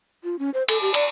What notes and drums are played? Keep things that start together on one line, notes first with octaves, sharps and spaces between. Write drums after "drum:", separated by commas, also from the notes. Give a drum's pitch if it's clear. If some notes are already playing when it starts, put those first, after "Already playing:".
F4
C#4
C5
A4, drum: cymbal
G4
D5, drum: cymbal